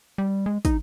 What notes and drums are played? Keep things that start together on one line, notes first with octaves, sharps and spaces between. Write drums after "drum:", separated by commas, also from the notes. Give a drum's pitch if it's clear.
G3
G#3
D#4, drum: kick, hi-hat